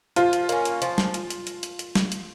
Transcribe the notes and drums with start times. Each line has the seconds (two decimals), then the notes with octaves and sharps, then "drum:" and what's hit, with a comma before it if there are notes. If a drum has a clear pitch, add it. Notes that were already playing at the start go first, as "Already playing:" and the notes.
0.16 F3 F4, drum: hi-hat
0.33 drum: hi-hat
0.49 A#3 C#4, drum: hi-hat
0.65 drum: hi-hat
0.82 F3, drum: hi-hat
0.98 drum: snare
1.14 drum: hi-hat
1.30 drum: hi-hat
1.47 drum: hi-hat
1.63 drum: hi-hat
1.79 drum: hi-hat
1.95 drum: snare
2.12 drum: hi-hat